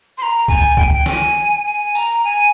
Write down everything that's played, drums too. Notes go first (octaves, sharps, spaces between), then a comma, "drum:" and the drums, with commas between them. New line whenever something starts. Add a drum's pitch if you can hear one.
C6
A#5
G#5, drum: kick
G5, drum: kick
G#5, drum: snare
G#5
A#5, drum: tambourine
G#5